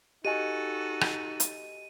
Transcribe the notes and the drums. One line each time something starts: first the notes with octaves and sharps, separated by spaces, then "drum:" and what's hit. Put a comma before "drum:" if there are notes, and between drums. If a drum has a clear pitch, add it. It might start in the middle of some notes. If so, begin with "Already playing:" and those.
D#4 F#4 G4 A4 D#5 G#5 D#7
drum: rim click
drum: hi-hat